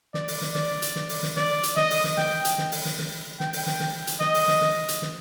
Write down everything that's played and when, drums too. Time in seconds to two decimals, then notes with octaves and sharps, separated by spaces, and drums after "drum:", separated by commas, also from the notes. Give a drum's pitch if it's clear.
0.14 D5, drum: snare
0.28 drum: open hi-hat
0.41 drum: snare
0.55 D5, drum: snare
0.82 drum: hi-hat
0.96 drum: snare
1.09 drum: open hi-hat
1.23 drum: snare
1.37 D5, drum: snare
1.63 drum: hi-hat
1.77 D#5, drum: snare
1.90 drum: open hi-hat
2.04 drum: snare
2.18 G5, drum: snare
2.45 drum: hi-hat
2.58 drum: snare
2.72 drum: open hi-hat
2.85 drum: snare
2.99 drum: snare
3.40 G5, drum: snare
3.53 drum: open hi-hat
3.67 drum: snare
3.80 drum: snare
4.07 drum: hi-hat
4.20 D#5, drum: snare
4.34 drum: open hi-hat
4.48 drum: snare
4.61 drum: snare
4.88 drum: hi-hat
5.02 drum: snare